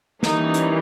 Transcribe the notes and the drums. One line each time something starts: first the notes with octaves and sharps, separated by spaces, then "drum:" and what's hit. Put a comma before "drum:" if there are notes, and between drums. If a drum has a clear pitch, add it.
E3 G3 A#3 C#4 D#4, drum: snare
drum: hi-hat